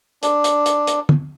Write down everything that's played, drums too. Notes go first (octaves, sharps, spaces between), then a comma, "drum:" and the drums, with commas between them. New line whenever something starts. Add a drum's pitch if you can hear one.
D4, drum: hi-hat
drum: hi-hat
drum: hi-hat
drum: hi-hat
drum: tom